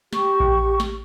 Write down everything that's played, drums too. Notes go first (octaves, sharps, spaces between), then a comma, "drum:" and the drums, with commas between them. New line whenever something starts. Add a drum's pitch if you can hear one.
G4 C#6, drum: snare
drum: kick A#1
drum: snare